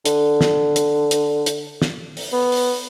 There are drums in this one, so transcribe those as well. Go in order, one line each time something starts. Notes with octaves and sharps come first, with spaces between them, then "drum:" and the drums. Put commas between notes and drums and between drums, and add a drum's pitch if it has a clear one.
D3, drum: hi-hat
drum: snare
drum: hi-hat
drum: hi-hat
drum: hi-hat
drum: snare
drum: open hi-hat
B3
drum: open hi-hat